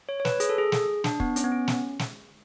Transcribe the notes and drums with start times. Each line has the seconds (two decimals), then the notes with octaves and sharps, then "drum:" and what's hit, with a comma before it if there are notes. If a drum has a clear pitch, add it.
0.09 C#5
0.20 C#5
0.25 B4, drum: snare
0.40 G#4, drum: hi-hat
0.49 A4
0.58 G#4
0.72 drum: snare
1.04 D4, drum: snare
1.20 B3, drum: kick
1.36 C#4, drum: hi-hat
1.44 B3
1.52 C#4
1.68 drum: snare
1.99 drum: snare